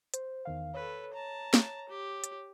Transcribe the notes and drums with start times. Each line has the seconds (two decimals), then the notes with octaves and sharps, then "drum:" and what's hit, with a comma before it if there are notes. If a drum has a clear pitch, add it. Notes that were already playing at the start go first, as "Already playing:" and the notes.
0.14 C5, drum: hi-hat
0.45 E2 D#3 F5
0.74 A4 B4 C#5
1.13 A5 A#5
1.54 drum: snare
1.89 G4
2.24 drum: hi-hat